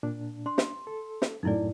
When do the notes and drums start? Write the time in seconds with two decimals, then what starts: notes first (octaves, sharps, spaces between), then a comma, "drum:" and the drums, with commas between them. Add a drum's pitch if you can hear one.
0.03 A#2 D4
0.46 D4 C6
0.58 drum: snare
0.87 A4
1.22 drum: snare
1.43 F#2 A2 D#4 E4 D5